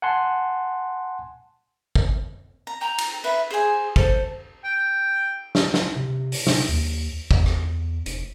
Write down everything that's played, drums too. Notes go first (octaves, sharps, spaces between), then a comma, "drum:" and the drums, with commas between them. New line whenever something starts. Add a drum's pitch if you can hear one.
F#5 G#5 A5 C6
drum: kick
A#5
G5 A#5
drum: cymbal
B4 E5
G#4 C5 G#5
A4 C5, drum: kick
G5
drum: snare
drum: snare
C3
drum: open hi-hat
C3, drum: snare
D#2
E2, drum: kick
drum: rim click
F1, drum: hi-hat